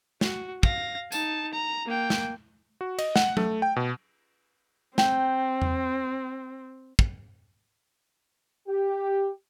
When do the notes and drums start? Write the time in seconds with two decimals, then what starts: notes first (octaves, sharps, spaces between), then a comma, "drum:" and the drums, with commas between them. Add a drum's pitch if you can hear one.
0.21 F#4, drum: snare
0.63 F5 A#6, drum: kick
1.12 D#4 A5, drum: tambourine
1.53 A#5
1.86 A#3 G5
2.10 drum: snare
2.81 F#4
2.99 D#5, drum: cymbal
3.16 F#5, drum: snare
3.37 A3, drum: tom F#3
3.62 G5
3.76 B2
4.98 C4 G5, drum: snare
5.62 drum: tom E2
6.99 drum: kick
8.68 G4